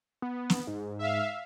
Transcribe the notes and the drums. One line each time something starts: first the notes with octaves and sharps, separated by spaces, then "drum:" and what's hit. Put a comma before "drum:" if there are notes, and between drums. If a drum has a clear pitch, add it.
B3
drum: snare
G#2
E5 F5